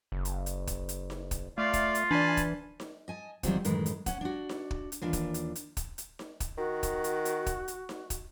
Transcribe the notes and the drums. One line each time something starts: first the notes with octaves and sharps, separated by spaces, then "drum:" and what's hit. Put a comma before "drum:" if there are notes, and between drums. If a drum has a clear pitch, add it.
F#1
drum: hi-hat
drum: hi-hat
drum: kick, hi-hat
drum: hi-hat
drum: snare D#4
drum: kick, hi-hat
A3 F4 D5 F5
drum: kick, hi-hat
drum: hi-hat
E3 D4 D5 G#5 A5 B5
drum: kick, hi-hat
drum: snare D#4
D#5 G#5 A5
E2 D#3 F#3 G3 C4 F4, drum: kick, hi-hat
F#2 A2 D#3 E3 G#3, drum: hi-hat
drum: hi-hat
C#4 F#5, drum: kick, hi-hat
D4 F#4
drum: snare D#4
drum: kick
drum: hi-hat
D#2 E3 D4 F4
drum: kick, hi-hat
drum: hi-hat
drum: hi-hat
drum: kick, hi-hat
drum: hi-hat
drum: snare D#4
drum: kick, hi-hat
D#3 F#4
drum: kick, hi-hat
drum: hi-hat
drum: hi-hat
drum: kick, hi-hat
drum: hi-hat
drum: snare D#4
drum: kick, hi-hat